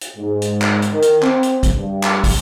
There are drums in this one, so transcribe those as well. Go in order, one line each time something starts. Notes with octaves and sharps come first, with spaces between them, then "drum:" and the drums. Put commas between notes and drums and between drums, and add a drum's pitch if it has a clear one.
drum: hi-hat
G#2
drum: hi-hat
drum: clap
drum: hi-hat
D#3
drum: hi-hat
C4, drum: clap
drum: hi-hat
drum: kick, hi-hat
G2
drum: clap
drum: kick, open hi-hat